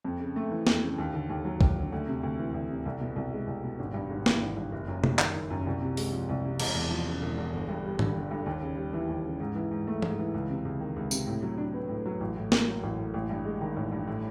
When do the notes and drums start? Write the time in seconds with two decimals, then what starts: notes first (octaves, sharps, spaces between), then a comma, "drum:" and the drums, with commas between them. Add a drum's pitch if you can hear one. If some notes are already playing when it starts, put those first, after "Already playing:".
0.05 F2
0.20 C#3
0.36 A3
0.51 E3
0.67 F2, drum: snare
0.83 C#3
0.98 D#2
1.14 D3
1.30 D#2
1.45 F#3
1.61 D#2, drum: kick B1
1.76 D3
1.92 D2
2.07 C3
2.23 D2
2.39 E3
2.54 D2
2.70 C3
2.86 C2
3.00 B2
3.16 C2
3.33 G#3
3.47 C2
3.64 B2
3.79 G#1
3.94 G2
4.10 G#1
4.26 E3, drum: snare
4.41 G#1
4.56 G2
4.72 F#1
4.88 F#2
5.04 G3, drum: tom
5.19 D#3, drum: clap
5.34 F#1
5.50 F#2
5.67 C2
5.82 C3
5.97 G#3, drum: open hi-hat
6.12 F3
6.29 C2
6.45 C3
6.60 E1, drum: cymbal
6.75 E2
6.90 F3
7.07 C#3
7.22 E1
7.38 E2
7.52 G1
7.69 G2
7.84 G3
7.99 D3, drum: tom
8.16 G1
8.31 G2
8.46 D#2
8.62 C#3
8.77 G3
8.93 E3
9.09 D#2
9.25 C#3
9.40 G#2
9.55 E3
9.71 G#2
9.87 A3
10.02 G#2, drum: tom
10.18 E3
10.34 C#2
10.49 C3
10.65 C#2
10.80 D#3
10.96 C#2
11.11 C3, drum: tambourine
11.27 A2
11.43 F#3
11.58 D4
11.74 B3
11.89 A2
12.06 F#3
12.21 A1
12.36 A2
12.52 A#3, drum: snare
12.67 F#3
12.83 A1
12.98 A2
13.14 A1
13.30 G2
13.45 G#3
13.61 D#3
13.77 A1
13.92 G2
14.08 A2